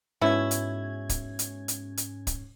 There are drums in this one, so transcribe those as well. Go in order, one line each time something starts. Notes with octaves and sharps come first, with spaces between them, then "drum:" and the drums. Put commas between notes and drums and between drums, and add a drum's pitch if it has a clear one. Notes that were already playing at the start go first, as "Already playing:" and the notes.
G#2 B2 C#4 E4 G#6
drum: hi-hat
drum: kick, hi-hat
drum: hi-hat
drum: hi-hat
drum: hi-hat
drum: kick, hi-hat